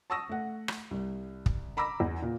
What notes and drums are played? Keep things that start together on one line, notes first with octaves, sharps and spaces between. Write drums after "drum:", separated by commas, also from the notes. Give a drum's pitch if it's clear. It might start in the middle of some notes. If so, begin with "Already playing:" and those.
A5 C#6 D#6 E6 A#6
A3 F#5
drum: rim click
C2
drum: kick
A#5 B5 D6 E6 A#6
E2
A#2